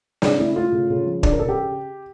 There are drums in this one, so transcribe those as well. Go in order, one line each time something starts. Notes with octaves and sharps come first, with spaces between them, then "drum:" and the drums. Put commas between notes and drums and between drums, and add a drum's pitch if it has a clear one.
C#3 D4, drum: snare
A3 E4
A3 F4
C#3
C#3
F3
C#3 D4, drum: kick
A#4
C#3 A4
G4